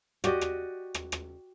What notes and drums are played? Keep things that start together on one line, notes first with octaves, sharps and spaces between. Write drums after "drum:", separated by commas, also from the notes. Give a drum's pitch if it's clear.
F#4 G4 D5 D#5, drum: rim click
drum: rim click
drum: rim click
drum: rim click